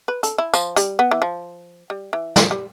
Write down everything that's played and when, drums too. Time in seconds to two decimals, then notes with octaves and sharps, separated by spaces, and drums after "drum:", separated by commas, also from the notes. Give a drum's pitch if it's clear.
0.08 B4
0.23 A4, drum: hi-hat
0.38 E4
0.54 F3, drum: tambourine
0.76 G3, drum: hi-hat
0.99 B3
1.11 E3
1.22 F3
1.90 G3
2.13 E3
2.36 F3, drum: snare
2.51 G3